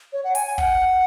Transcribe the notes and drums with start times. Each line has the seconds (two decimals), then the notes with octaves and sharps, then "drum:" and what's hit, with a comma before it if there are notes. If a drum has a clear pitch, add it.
0.13 C#5
0.24 F#5
0.35 G#5, drum: hi-hat
0.47 G#5
0.58 F#5, drum: kick